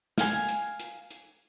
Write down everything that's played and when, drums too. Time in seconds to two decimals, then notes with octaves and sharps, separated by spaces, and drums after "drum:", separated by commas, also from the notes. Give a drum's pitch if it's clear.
0.18 F5 G#5, drum: snare
0.49 drum: hi-hat
0.80 drum: hi-hat
1.11 drum: hi-hat